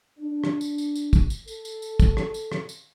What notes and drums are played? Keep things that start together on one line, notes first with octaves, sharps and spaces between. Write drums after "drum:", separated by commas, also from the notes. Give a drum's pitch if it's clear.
D4
drum: rim click
drum: tambourine
drum: tambourine
drum: tambourine
drum: kick, tambourine
drum: tambourine
A4, drum: tambourine
drum: tambourine
drum: tambourine
drum: kick, tambourine
drum: rim click
drum: tambourine
drum: rim click
drum: tambourine